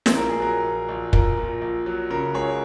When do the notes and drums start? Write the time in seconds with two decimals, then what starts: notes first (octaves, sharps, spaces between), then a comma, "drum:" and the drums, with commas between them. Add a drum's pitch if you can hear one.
0.06 drum: snare
0.15 A#1 A#4
0.29 G#4
0.40 F#3 A#4
0.64 A#1
0.89 A#1
1.13 A#1 A#4, drum: kick
1.38 A#2
1.62 A#1
1.86 F#3
2.10 C#3 A#4
2.34 C#2 G#4 C#5